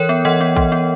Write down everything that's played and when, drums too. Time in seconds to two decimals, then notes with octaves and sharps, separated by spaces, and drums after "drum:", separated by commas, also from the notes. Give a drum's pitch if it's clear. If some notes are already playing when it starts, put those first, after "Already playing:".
Already playing: E3 A#4 C#5
0.09 B3
0.25 E3 D#5 F#5
0.41 B3
0.56 E3, drum: kick A#1
0.72 B3